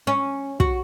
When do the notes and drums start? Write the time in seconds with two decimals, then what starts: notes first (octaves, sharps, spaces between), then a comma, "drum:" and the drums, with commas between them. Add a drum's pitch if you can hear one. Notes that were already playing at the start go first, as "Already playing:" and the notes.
0.07 C#4
0.60 F#4, drum: kick